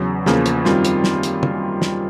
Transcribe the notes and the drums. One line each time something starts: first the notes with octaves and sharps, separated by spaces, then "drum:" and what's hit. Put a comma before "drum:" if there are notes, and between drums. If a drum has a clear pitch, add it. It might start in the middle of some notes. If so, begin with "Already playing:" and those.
Already playing: E2 C#3 F#3
E2 C#3 F3 A#3, drum: snare
drum: hi-hat
F#2 D#3 G3 C4 F4, drum: snare
drum: hi-hat
drum: snare
drum: hi-hat
drum: tom
drum: snare